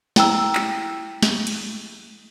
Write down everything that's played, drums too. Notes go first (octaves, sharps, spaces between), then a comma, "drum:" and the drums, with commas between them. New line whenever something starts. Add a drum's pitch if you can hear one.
E4 G5 A#5 E6, drum: snare
drum: clap
drum: snare
drum: cymbal